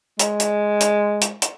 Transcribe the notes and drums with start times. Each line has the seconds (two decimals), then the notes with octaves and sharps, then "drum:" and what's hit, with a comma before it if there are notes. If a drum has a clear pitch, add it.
0.19 G#3, drum: hi-hat
0.40 drum: hi-hat
0.80 drum: hi-hat
1.21 drum: hi-hat
1.42 drum: hi-hat